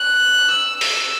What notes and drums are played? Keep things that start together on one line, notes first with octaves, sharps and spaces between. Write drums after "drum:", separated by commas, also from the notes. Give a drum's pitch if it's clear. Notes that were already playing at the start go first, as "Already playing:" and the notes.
Already playing: F#6
E6
E6, drum: open hi-hat